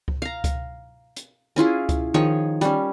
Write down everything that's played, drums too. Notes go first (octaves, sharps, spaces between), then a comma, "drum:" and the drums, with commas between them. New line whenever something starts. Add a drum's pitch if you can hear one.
drum: kick C#2
F5 A#5
drum: kick C#2, hi-hat
drum: hi-hat
C#4 E4 F4 G#4
drum: kick C#2, hi-hat
D#3 F3 G#4 C#5
G3 C#4, drum: hi-hat